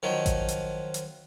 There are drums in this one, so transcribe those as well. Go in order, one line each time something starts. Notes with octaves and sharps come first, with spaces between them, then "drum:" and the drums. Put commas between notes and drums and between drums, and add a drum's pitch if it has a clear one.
D#3 F3 F#3
drum: kick A1, hi-hat
drum: hi-hat
drum: hi-hat